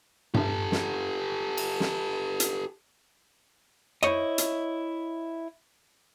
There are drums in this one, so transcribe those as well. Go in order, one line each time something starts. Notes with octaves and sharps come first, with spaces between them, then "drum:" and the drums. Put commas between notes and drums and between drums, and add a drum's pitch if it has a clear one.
G4 A4, drum: tom G2
drum: snare
drum: cymbal
drum: snare
drum: hi-hat
E4 C5 C#5 D#5, drum: rim click
drum: hi-hat